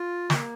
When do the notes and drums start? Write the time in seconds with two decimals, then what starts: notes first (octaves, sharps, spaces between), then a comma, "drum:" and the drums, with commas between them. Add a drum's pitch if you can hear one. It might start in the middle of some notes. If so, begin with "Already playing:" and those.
Already playing: F4
0.30 A#3, drum: snare